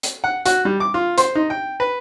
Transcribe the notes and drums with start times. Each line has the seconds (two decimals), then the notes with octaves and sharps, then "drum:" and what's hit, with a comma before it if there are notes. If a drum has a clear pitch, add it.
0.03 drum: hi-hat
0.24 F#5
0.46 F#4, drum: hi-hat
0.65 G3
0.80 D6
0.94 F4
1.18 C5, drum: hi-hat
1.35 D#4
1.50 G5
1.80 B4